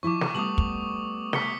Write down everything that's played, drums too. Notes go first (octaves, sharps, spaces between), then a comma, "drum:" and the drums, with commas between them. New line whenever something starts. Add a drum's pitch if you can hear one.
F3 E4 D#5 C#6 D6
drum: snare
G3 A3 B3 D#6 F#7
drum: kick
B6 C#7 G7, drum: snare